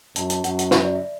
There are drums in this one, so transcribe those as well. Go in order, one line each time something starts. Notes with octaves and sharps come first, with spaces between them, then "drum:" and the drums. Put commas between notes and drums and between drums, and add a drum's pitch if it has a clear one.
F#2 A5, drum: hi-hat
A5, drum: hi-hat
F#2 F#5, drum: hi-hat
F#5, drum: hi-hat
E5, drum: snare
D5
E5